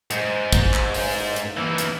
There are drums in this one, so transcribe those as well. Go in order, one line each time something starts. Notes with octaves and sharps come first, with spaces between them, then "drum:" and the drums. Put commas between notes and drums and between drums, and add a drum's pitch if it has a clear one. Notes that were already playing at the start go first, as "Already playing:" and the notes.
G#2, drum: hi-hat
drum: kick, hi-hat
drum: clap
drum: open hi-hat
drum: hi-hat
E3 A#3
drum: hi-hat